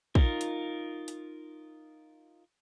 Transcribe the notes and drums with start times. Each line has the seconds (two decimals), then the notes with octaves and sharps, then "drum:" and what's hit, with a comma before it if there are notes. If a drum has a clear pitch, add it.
0.15 D#4 F4 A#4, drum: kick
0.41 drum: hi-hat
1.08 drum: hi-hat